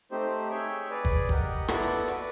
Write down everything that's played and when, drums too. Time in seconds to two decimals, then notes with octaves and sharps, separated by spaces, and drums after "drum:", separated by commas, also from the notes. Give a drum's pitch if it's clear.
0.11 A3 C4 D#4 G4 C5
0.50 G#4 C#5 E5 G5
0.90 G#4 B4 D5
1.05 drum: kick
1.29 G4 A#4 D#5 F#5, drum: kick
1.68 B3 E4 A4 D5 F#5, drum: rim click
2.08 F#4 B4 D5, drum: hi-hat